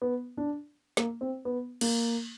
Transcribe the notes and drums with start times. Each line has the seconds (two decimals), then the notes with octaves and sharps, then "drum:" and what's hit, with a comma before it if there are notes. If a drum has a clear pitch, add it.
0.02 B3
0.37 D4
0.97 A#3, drum: snare
1.21 C4
1.45 B3
1.81 A#3, drum: cymbal